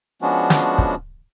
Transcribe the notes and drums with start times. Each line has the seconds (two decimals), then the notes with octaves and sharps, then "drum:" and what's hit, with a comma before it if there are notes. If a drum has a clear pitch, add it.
0.22 F3 G#3 B3 C#4 D4 F#4
0.50 drum: snare
0.78 drum: kick